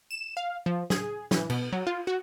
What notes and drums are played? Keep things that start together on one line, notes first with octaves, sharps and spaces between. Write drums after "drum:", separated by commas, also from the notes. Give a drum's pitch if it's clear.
E7
F5
F3
G#4, drum: snare
E3, drum: snare
B2, drum: cymbal
F#3
F4
F#4